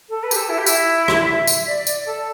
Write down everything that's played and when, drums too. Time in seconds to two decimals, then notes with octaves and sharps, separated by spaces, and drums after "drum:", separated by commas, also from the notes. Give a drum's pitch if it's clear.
0.09 A4
0.23 B4
0.31 G4, drum: tambourine
0.36 A4
0.49 E4
0.58 G4
0.66 E4, drum: tambourine
1.08 drum: rim click
1.27 E5
1.47 drum: tambourine
1.67 D5
1.87 drum: tambourine
2.06 A4